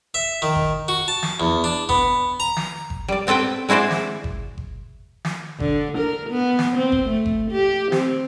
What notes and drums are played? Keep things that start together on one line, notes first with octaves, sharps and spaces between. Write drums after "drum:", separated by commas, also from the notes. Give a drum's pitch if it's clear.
E5
D#3
drum: kick G1
F#4
A5
drum: snare
E2
D4
B3, drum: kick G1
A#5
drum: snare
drum: kick G1
G3 D5
B3 C4 A4 B4 G5
G#3 E4 F#4 C5 D5
drum: snare
drum: kick G1
drum: kick G1
drum: snare
D3, drum: kick G1
A#4
B3
drum: snare
C4
drum: kick G1
A3
drum: kick G1
G4
C4, drum: snare